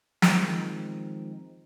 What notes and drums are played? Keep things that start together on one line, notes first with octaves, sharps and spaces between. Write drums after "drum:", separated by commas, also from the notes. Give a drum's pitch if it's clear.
D#3 F3 G#3 C4 D#4, drum: snare